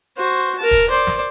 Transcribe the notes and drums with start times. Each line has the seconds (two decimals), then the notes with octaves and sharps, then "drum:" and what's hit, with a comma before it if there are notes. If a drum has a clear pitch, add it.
0.17 F#4 C5
0.58 A#4 A5
0.71 drum: kick
0.89 C5 D5
1.07 drum: snare